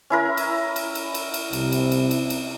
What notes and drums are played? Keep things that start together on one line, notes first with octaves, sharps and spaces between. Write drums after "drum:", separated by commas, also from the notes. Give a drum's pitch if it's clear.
C#4 E4 A#4
drum: cymbal
drum: cymbal
drum: cymbal
drum: cymbal
drum: cymbal
C2 C3, drum: cymbal
drum: cymbal
drum: cymbal
drum: cymbal
drum: cymbal